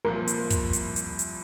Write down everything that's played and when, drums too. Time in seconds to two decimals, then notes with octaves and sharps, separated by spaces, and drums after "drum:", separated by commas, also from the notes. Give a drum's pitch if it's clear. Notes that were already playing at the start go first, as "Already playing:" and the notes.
0.05 C2 A#2 F3 A#4
0.28 drum: hi-hat
0.50 drum: kick, hi-hat
0.73 drum: hi-hat
0.96 drum: hi-hat
1.19 drum: hi-hat